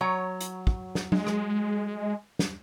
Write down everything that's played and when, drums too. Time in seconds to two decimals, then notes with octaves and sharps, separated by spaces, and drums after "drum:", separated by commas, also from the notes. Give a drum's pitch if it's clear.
0.01 F#3 C#5 A#5
0.41 drum: hi-hat
0.67 drum: kick
0.95 drum: snare
1.12 G#3, drum: tom F#3
1.27 drum: rim click
2.39 drum: snare